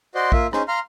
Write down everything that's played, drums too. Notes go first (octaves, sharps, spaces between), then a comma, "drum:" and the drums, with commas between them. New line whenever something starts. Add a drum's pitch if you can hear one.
F#4 C5 D5 D#5 C6
A#3 F4 E5, drum: kick A#1
C#4 D#4 G#4 C5, drum: rim click
F5 A#5 C6 F6